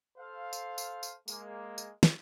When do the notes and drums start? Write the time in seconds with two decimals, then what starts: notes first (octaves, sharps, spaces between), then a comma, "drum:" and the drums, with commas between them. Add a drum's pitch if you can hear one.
0.18 A4 C5 F5
0.53 drum: tambourine
0.78 drum: tambourine
1.03 drum: tambourine
1.28 G#3 A#3, drum: tambourine
1.78 drum: tambourine
2.03 drum: snare